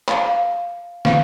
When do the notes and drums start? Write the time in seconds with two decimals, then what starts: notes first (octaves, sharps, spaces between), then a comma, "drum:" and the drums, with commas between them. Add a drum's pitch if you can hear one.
0.08 F5, drum: clap
0.27 F5
1.05 F5, drum: snare